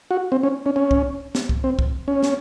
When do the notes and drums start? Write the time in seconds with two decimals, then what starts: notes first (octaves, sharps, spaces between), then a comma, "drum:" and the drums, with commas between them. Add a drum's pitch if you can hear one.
0.11 F#4
0.32 C4
0.43 C#4
0.66 C#4
0.76 C#4
0.91 drum: kick C2
1.35 drum: snare
1.49 drum: kick C2
1.64 C4
1.79 drum: kick C2
2.08 C#4
2.23 drum: snare